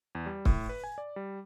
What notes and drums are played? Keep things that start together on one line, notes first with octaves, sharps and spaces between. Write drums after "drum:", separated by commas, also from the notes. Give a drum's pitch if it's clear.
E2
G3
A2, drum: kick C#1
B4
G#5
D5
G3